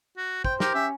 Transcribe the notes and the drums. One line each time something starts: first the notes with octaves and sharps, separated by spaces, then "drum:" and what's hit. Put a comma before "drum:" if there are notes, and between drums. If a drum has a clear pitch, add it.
F#4
C5 G5, drum: kick
G4 A#4, drum: snare
C#4 E5